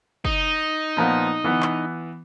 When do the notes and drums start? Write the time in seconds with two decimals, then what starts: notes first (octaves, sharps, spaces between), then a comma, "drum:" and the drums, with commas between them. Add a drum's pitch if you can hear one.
0.25 D#4, drum: kick
0.97 A#2 F3 B3
1.44 E3 B3, drum: tom
1.62 drum: clap